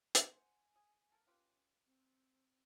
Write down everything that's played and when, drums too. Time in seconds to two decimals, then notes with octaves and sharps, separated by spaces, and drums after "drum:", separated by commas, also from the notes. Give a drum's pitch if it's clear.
0.15 drum: hi-hat
0.32 C5 F#5 G#5
0.76 G#4
1.10 A#3 A4 A#4
1.27 C#4 F4 G4 B4
1.85 C4